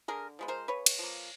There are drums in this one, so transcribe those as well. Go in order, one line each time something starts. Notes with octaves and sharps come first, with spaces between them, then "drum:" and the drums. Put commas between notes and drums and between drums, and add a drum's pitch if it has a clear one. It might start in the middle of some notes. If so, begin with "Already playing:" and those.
D3 G#4 A#4
F3 G#3 B3
A#4 C5
C#3 B4 C#5
drum: cymbal
F3 A#3